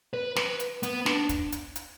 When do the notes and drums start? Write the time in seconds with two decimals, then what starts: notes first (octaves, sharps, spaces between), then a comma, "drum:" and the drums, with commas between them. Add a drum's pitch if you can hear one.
0.13 B4
0.36 B4, drum: snare
0.60 drum: hi-hat
0.83 B3, drum: hi-hat
1.06 D4, drum: snare
1.29 drum: kick, hi-hat
1.52 drum: hi-hat
1.76 drum: hi-hat